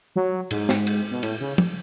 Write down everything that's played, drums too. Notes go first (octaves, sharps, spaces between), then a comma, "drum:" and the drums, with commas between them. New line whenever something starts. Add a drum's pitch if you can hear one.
F#3
G#2, drum: cymbal
drum: snare
drum: cymbal
B2
A2, drum: cymbal
C#3
drum: tom